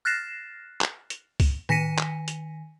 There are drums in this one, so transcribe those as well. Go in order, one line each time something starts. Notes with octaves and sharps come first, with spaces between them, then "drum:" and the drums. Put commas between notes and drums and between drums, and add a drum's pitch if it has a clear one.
F6 F#6 A6 A#6 C7 E7
drum: clap
drum: hi-hat
drum: kick, open hi-hat
D#3 G#5 A#6 B6 C#7 D#7, drum: tom A2
drum: clap
drum: hi-hat